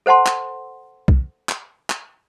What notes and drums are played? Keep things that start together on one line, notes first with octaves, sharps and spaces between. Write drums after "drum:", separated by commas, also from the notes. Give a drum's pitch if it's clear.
A4 C5 F#5 A5 C6
drum: clap
drum: kick B1
drum: clap
drum: clap